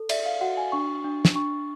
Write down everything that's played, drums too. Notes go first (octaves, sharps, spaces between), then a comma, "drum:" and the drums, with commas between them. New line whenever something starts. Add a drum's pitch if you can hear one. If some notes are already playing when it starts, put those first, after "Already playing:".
Already playing: A4
D5 E5, drum: cymbal
F5
F#4 F#5
G#5
D4 C#6
D4
drum: snare
D4 C#6